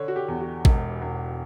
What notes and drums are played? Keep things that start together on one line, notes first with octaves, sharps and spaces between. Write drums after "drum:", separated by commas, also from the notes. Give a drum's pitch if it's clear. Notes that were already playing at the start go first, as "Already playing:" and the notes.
Already playing: D3 C#5
F#4
G4
E2
F#4
E1, drum: kick A1
E1